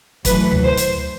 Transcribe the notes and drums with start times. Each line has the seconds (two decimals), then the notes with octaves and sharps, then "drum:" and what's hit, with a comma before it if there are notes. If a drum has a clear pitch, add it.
0.25 F#2 E3 A3 B4, drum: kick, hi-hat
0.51 drum: tom D2
0.64 C5
0.77 drum: hi-hat